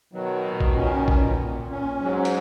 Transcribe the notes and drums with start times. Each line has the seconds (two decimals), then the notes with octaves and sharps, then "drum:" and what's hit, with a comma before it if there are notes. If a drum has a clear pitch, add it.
0.13 B2 D#3 F#3
0.45 A#2
0.60 drum: kick A1
0.76 C#4
1.08 A#2, drum: kick A1
1.39 A#2
1.70 C#4
2.01 G#2 F#3
2.25 drum: hi-hat